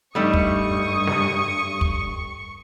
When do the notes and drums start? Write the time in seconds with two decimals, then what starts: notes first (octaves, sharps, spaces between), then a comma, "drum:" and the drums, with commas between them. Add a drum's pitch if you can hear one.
0.15 G2 G3 A3 D#4 C#6 D#6
0.33 drum: kick
1.07 drum: snare
1.81 drum: kick